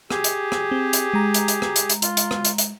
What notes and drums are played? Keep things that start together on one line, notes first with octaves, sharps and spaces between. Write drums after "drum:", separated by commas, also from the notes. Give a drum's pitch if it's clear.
G4 G#4, drum: rim click
drum: hi-hat
drum: rim click
C4
drum: hi-hat
G#3 A#5
drum: hi-hat
drum: hi-hat
drum: rim click
drum: hi-hat
drum: hi-hat
F4, drum: hi-hat
drum: hi-hat
drum: rim click
drum: hi-hat
drum: hi-hat